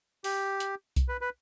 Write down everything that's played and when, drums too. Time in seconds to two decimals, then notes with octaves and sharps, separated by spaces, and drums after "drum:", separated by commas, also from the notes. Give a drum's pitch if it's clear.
0.24 G4, drum: open hi-hat
0.60 drum: hi-hat
0.96 drum: kick B1, hi-hat
1.09 B4
1.21 B4